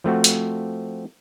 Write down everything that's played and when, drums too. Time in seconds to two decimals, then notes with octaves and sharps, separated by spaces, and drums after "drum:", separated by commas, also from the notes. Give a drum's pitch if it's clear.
0.04 F3 A3 C4 F#4
0.24 drum: hi-hat